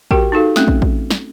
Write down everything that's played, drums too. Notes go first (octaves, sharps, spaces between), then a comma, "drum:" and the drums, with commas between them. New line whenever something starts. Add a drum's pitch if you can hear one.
F#4 G4 A#4 G5, drum: kick
D#4 F#4 A4 F5
A3 C4 C#4, drum: snare
drum: kick
drum: kick
drum: snare